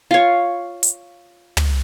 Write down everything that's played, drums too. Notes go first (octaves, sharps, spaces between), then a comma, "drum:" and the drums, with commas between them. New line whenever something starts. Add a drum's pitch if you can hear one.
F4 C#5
drum: hi-hat
drum: tom